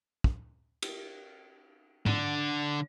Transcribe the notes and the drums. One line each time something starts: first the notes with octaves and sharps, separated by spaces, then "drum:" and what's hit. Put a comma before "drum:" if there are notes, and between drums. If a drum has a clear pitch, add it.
drum: kick
drum: cymbal
D3 D4, drum: tom G#2